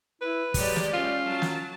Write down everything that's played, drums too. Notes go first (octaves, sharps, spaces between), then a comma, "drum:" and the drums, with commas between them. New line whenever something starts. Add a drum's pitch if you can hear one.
E4 B4
F#3 G#3 G4 D5, drum: kick, open hi-hat
drum: snare
C#4 F4
F#3 A5
drum: snare